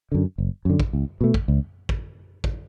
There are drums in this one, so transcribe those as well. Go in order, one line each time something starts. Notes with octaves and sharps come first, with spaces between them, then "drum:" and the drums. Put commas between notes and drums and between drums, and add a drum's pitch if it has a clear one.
F#2 D3
F#1
F#2 D3
drum: kick
C#2
B2 A3
drum: kick
C#2
drum: kick
drum: kick